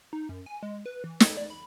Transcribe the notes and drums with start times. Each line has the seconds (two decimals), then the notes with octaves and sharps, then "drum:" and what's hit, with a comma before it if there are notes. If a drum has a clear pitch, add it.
0.13 D#4
0.29 F#2
0.46 G#5
0.63 G#3
0.86 B4
1.04 E3
1.20 A4, drum: snare
1.37 D5
1.50 B5